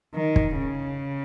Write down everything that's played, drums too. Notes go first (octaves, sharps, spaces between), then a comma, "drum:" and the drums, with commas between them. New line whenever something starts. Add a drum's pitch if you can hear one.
D#3
drum: kick
C#3